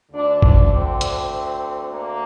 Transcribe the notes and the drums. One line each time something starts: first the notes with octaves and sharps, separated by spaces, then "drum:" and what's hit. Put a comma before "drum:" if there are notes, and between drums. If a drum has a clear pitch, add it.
D2 D3 D4
D4, drum: kick
C4
C4, drum: hi-hat
A#3